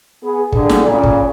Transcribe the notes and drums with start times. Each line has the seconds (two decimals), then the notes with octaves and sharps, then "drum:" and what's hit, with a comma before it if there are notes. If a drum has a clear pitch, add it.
0.23 B3 G#4
0.52 G2 D3 G#4 A4 D5, drum: kick
0.69 drum: snare
0.85 A#2 C#3
1.03 drum: kick